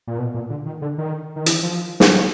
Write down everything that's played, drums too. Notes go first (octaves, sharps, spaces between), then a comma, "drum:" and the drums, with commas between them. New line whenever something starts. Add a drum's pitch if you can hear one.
A#2
B2
A#2
D3
D#3
D3
D#3
D#3
E3, drum: hi-hat
F3
drum: snare
F#3